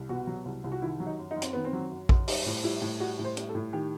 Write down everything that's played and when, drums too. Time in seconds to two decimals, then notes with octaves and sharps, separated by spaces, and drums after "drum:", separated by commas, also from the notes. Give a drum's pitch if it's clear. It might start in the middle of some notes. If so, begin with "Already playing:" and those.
Already playing: C2
0.09 B2 F#4
0.27 F#3
0.45 C2
0.64 C2
0.72 F#4
0.82 D#3 E4
1.00 F#3
1.06 D#4
1.19 F#2
1.31 D#4
1.36 F#2
1.42 C4, drum: hi-hat
1.53 D#3 B3
1.64 C4
1.73 F#3
1.91 F#2
2.09 F#2, drum: kick A#1
2.28 G3 D#4, drum: open hi-hat
2.46 A2
2.64 G3 E4
2.82 A2
3.00 G3 F#4
3.19 A2
3.25 C5
3.37 G3, drum: hi-hat
3.49 A4
3.55 A2
3.73 D#3 G4